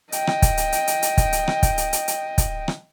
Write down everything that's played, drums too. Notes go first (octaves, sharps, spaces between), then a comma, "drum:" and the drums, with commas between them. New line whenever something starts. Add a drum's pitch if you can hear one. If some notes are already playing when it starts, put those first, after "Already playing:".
D#5 G5, drum: hi-hat
drum: rim click
drum: kick, hi-hat
drum: hi-hat
drum: hi-hat
drum: hi-hat
drum: hi-hat
drum: kick, hi-hat
drum: hi-hat
drum: rim click
drum: kick, hi-hat
drum: hi-hat
drum: hi-hat
drum: hi-hat
drum: kick, hi-hat
drum: rim click